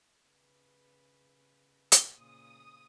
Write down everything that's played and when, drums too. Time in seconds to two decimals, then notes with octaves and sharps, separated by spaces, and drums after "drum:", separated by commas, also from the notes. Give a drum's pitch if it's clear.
0.25 C#3 B4
1.92 drum: hi-hat
2.14 A#2 C#3 C5 D#6